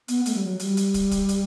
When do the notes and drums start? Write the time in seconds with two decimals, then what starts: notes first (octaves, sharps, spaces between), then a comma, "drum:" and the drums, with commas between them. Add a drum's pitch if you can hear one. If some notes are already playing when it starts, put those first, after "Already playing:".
0.08 B3, drum: hi-hat
0.26 A3, drum: hi-hat
0.34 G3
0.43 F#3
0.59 G3, drum: hi-hat
0.77 drum: hi-hat
0.94 drum: kick, hi-hat
1.11 drum: kick, hi-hat
1.29 drum: hi-hat